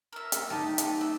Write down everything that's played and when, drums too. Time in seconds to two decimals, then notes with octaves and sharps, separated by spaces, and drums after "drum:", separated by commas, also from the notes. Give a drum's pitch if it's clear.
0.13 A#4 E5
0.32 drum: hi-hat
0.50 A3 D#4 G4 A5
0.78 drum: hi-hat
1.01 E5